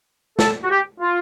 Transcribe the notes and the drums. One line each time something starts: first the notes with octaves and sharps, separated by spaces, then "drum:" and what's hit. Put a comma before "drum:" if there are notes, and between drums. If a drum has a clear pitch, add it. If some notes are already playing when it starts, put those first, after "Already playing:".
A4, drum: snare
F#4
G4
F4